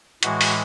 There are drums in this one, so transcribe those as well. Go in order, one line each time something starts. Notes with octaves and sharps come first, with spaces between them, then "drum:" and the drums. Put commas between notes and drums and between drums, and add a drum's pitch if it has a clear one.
A2 E3 G#3 F#4, drum: hi-hat
drum: open hi-hat